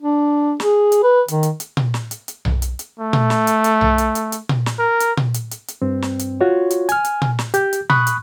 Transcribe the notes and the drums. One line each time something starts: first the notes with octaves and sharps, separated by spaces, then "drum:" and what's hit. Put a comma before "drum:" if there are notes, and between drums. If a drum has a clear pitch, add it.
D4
G#4, drum: snare
drum: hi-hat
B4
D#3, drum: hi-hat
drum: hi-hat
drum: hi-hat
drum: tom A#2
drum: snare
drum: hi-hat
drum: hi-hat
drum: tom B1
drum: hi-hat
drum: hi-hat
A3
drum: tom A#2
drum: snare
drum: hi-hat
drum: hi-hat
drum: tom B1
drum: hi-hat
drum: hi-hat
drum: hi-hat
drum: tom A#2
drum: snare
A#4
drum: hi-hat
drum: tom A#2
drum: hi-hat
drum: hi-hat
drum: hi-hat
G2 C4
drum: snare
drum: hi-hat
F4 F#4 C#5
drum: hi-hat
G#5 F6, drum: hi-hat
drum: hi-hat
drum: tom A#2
drum: snare
G4 G6, drum: hi-hat
drum: hi-hat
B5 C#6 D#6 F#6, drum: tom A#2
drum: hi-hat